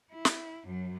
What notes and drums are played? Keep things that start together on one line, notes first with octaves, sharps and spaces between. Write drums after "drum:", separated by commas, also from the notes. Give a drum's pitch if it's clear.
E4
drum: snare
F#2 F#3